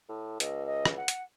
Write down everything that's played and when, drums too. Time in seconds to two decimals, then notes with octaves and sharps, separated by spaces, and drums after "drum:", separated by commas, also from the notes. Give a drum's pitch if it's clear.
0.09 A2
0.40 C#2 D#5, drum: hi-hat
0.66 D#5
0.85 drum: rim click
0.97 F#5
1.08 drum: hi-hat